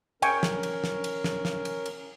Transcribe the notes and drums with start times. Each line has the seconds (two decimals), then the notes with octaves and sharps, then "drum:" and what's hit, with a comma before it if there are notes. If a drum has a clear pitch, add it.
0.22 C#4 A#4 G5 G#5 C#6, drum: cymbal
0.43 drum: snare
0.63 drum: cymbal
0.84 drum: snare
1.04 drum: cymbal
1.24 drum: snare
1.45 drum: snare
1.65 drum: cymbal
1.86 drum: cymbal